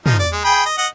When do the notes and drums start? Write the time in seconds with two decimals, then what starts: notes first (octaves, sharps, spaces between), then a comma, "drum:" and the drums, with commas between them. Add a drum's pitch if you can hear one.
0.06 F3 D#4, drum: tom
0.19 D5
0.32 G#3
0.44 G#4 G5 B5
0.66 D#5
0.78 D#5 F#5